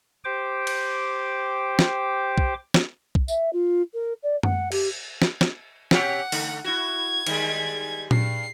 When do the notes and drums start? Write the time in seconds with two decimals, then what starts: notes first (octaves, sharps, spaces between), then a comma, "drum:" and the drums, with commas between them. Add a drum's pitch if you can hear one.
0.25 G4 C5 G5 D6
0.67 drum: cymbal
1.79 drum: snare
2.38 drum: kick
2.74 drum: snare
3.15 drum: kick
3.28 E5, drum: tambourine
3.53 F4
3.94 A#4
4.23 D5
4.43 F#5, drum: tom F#2
4.72 G4, drum: cymbal
5.22 drum: snare
5.41 drum: snare
5.91 B2 C#4 G4 F#5, drum: snare
6.32 D3 A3, drum: open hi-hat
6.64 E4 F#4 G#6
7.26 D#3 G3 G#3, drum: cymbal
8.11 G2 C7, drum: tom A#2